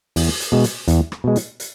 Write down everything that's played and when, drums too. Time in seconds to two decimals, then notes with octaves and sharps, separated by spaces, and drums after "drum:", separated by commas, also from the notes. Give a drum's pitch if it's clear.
0.16 E2, drum: open hi-hat
0.40 drum: hi-hat
0.52 B2 G#3
0.64 drum: hi-hat
0.88 E2, drum: hi-hat
1.12 drum: rim click
1.24 B2 G#3
1.36 drum: hi-hat
1.60 drum: hi-hat